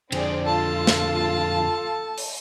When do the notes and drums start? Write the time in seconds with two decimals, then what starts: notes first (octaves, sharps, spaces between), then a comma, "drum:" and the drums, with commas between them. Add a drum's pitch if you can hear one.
0.12 F2 D3 C4 G#4 D5, drum: cymbal
0.46 F4 A4 A5
0.87 drum: snare
2.18 drum: open hi-hat